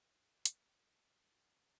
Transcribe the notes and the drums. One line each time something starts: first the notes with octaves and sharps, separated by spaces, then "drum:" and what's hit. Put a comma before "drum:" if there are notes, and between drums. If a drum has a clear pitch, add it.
F2 B2 F#3
G#2 B3 F6 B6, drum: hi-hat
D#3